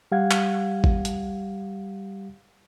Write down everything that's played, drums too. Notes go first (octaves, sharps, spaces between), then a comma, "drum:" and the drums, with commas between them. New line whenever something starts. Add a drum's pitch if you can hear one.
G3 G4 F5 F#5 G#6
drum: clap
drum: kick G#1
drum: hi-hat